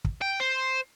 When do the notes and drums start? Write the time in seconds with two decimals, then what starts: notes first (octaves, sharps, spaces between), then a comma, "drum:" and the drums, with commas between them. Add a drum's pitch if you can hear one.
0.05 drum: kick
0.21 G5
0.40 C5